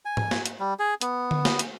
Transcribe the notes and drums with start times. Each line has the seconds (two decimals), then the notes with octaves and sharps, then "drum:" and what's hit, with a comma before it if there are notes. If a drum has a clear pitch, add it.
0.05 G#5
0.17 drum: tom G#2
0.31 drum: snare
0.46 drum: hi-hat
0.60 G3
0.79 G#4
1.01 B3, drum: hi-hat
1.31 drum: tom D3
1.45 drum: snare
1.59 drum: hi-hat